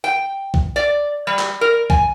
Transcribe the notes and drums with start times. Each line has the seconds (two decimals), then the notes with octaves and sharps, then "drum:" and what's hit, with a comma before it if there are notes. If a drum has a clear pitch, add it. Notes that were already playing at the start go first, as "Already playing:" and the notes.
0.04 G5
0.54 drum: kick B1
0.76 D5
1.27 G3
1.39 drum: clap
1.61 A#4
1.90 G#5, drum: kick B1